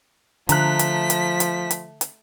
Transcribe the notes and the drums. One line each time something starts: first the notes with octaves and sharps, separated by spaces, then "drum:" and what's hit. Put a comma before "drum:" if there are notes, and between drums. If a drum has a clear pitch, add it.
D3 F3 A3 A#5 F#6 B6, drum: hi-hat
drum: hi-hat
drum: hi-hat
drum: hi-hat
drum: hi-hat
drum: hi-hat